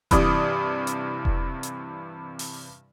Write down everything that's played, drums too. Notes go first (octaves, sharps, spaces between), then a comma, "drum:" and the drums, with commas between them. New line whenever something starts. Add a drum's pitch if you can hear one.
G2 C3 E3 D5 D#6, drum: kick E1, hi-hat
drum: hi-hat
drum: kick E1
drum: hi-hat
drum: open hi-hat